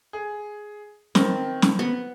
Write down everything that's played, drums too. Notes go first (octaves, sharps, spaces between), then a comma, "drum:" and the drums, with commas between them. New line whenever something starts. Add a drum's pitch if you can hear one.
G#4
D#3 C4, drum: snare
drum: snare
B3